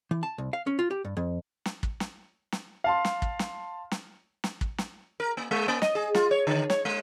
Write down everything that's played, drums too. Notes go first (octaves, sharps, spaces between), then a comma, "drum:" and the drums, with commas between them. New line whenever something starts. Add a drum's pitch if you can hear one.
E3
A5
C2
F5
C#4
F4
G4
G2
F2
drum: snare
drum: kick
drum: snare
drum: snare
F5 A5 C6
drum: snare
drum: kick
drum: snare
drum: snare
drum: snare
drum: kick
drum: snare
A#4
A#3
G#3
A#3
D#5, drum: snare
G#4
F4, drum: snare
C#5
D3
C#5, drum: snare
G#3